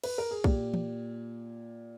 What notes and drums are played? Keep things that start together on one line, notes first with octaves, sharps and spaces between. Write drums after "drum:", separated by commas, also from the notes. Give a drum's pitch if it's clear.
B4, drum: cymbal
A#4
G#4
A#2 G4, drum: kick
drum: tom E3